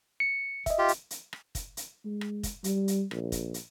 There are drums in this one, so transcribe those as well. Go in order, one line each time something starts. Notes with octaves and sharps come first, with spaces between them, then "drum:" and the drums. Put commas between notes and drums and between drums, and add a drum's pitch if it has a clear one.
C#7
D#5 E5, drum: kick, hi-hat
F4 G4
drum: hi-hat
drum: hi-hat
drum: rim click
drum: kick, hi-hat
drum: hi-hat
G#3
drum: rim click
drum: kick, hi-hat
G3, drum: hi-hat
drum: hi-hat
A#1, drum: rim click
drum: kick, hi-hat
drum: hi-hat